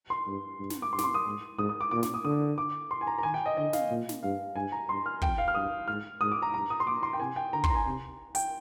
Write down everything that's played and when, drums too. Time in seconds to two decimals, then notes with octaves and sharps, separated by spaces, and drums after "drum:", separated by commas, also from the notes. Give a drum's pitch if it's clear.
0.10 C6
0.26 G2
0.59 G2
0.70 drum: snare
0.82 D6
0.93 G2 C6
0.98 D6, drum: snare
1.04 C6
1.14 D#6
1.26 G#2
1.58 G#2 D#6
1.69 D#6
1.81 D6
1.91 A#2 D6
2.03 D6, drum: snare
2.14 D#6
2.25 D3 D#6
2.58 D6
2.91 C6
3.01 G#5
3.07 A#5
3.18 A#5
3.23 D#3 G#5
3.34 G5
3.46 D#5
3.57 D3 D#5
3.73 F5, drum: snare
3.90 A#2
4.09 drum: snare
4.23 G2 F5
4.55 G2 G#5
4.72 A#5
4.89 G2 C6
5.06 F6
5.22 F2 G5, drum: kick
5.38 F5
5.48 F6
5.55 G2 D#6
5.88 G#2 F6
6.21 G#2 D#6
6.32 D6
6.42 A#5
6.53 G2 A#5
6.70 D#6
6.80 C6
6.87 A#2 D6
7.03 C6
7.13 G5
7.20 C3 G#5
7.36 G5
7.53 D3 A#5
7.64 C6, drum: kick
7.70 A#5
7.75 G#5
7.86 C3
8.35 G5, drum: hi-hat